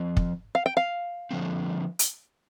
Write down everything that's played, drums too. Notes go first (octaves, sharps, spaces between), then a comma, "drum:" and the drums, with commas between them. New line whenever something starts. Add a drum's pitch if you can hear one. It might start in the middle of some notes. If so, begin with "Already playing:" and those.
Already playing: F3 C4
drum: kick
F5
G5
F5
D3 F3 A3 C4
drum: hi-hat